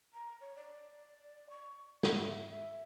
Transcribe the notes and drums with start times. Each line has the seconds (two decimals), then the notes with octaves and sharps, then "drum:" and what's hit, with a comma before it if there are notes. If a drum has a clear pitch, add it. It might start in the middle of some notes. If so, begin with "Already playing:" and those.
0.13 A#5
0.41 C#5
0.56 D5
1.50 C#6
2.03 F#5, drum: snare
2.19 E5
2.49 E5